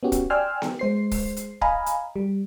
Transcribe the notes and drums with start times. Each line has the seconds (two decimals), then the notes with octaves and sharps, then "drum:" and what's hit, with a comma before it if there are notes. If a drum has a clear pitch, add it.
0.03 B3 C#4 F#4 G4
0.12 drum: kick, hi-hat
0.30 D5 G5 G#5 C6 E6 F6
0.62 drum: snare B3
0.79 G#3 C5 C7
1.12 drum: kick, open hi-hat
1.36 drum: hi-hat
1.61 D#5 F5 G#5 A#5 B5, drum: kick
1.86 drum: hi-hat
2.16 G3